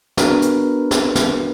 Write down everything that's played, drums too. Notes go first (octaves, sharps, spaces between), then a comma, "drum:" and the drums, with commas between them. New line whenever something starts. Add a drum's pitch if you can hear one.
B3 D4 F#4 G#4 A#4 B4, drum: snare
drum: hi-hat
drum: snare
drum: snare